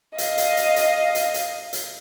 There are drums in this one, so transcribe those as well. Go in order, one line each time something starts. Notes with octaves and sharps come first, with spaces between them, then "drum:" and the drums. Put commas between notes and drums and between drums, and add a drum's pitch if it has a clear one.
D#5 F5, drum: hi-hat
drum: hi-hat
drum: hi-hat
drum: hi-hat
drum: hi-hat
drum: hi-hat
drum: hi-hat